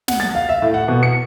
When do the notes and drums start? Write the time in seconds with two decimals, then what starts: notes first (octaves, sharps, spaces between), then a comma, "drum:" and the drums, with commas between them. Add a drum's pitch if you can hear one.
0.08 F#5, drum: snare
0.20 A6
0.35 F5
0.49 E5
0.62 A2
0.74 F#5
0.88 B2
1.03 C#7